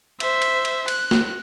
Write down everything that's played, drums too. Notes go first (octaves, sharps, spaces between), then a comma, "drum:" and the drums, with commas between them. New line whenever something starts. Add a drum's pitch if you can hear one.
C5 E5, drum: cymbal
drum: cymbal
drum: cymbal
F#6, drum: cymbal
drum: snare